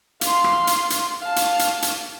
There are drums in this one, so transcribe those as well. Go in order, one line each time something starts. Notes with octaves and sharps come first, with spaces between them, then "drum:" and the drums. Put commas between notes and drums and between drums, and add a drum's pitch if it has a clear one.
F5 C6, drum: hi-hat
drum: rim click
drum: hi-hat
drum: hi-hat
F5 A5
drum: hi-hat
drum: hi-hat
drum: hi-hat